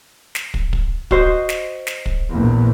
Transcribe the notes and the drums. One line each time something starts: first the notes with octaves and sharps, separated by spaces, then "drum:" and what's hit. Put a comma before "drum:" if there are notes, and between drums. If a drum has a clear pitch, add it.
drum: snare
drum: kick
drum: kick
F#4 C5 D#5, drum: kick
drum: snare
drum: snare
drum: kick
A#1 E2